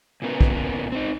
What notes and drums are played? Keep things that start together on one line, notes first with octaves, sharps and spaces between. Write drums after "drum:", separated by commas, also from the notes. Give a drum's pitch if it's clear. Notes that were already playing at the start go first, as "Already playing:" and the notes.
A#2 C#3 B3 A#4
drum: kick
C4 D#4